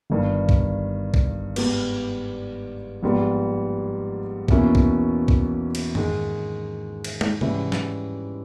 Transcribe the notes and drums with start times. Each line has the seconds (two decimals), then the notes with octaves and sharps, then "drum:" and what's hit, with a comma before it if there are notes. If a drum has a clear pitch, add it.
0.10 G1 G2 D#3
0.49 drum: kick A#1
1.14 drum: kick A#1
1.56 G#2 G3 B3, drum: cymbal
3.03 A#1 G#2 G3 B3
4.48 E2 B2 A#3 C#4 E4, drum: kick A#1
4.75 drum: kick A#1
5.28 drum: kick A#1
5.75 drum: cymbal
5.95 G#2 D#3 G#3, drum: tom F2
7.04 drum: cymbal
7.21 drum: tom
7.41 G#2 E3 G3 C#4 E4, drum: tom C3
7.72 drum: snare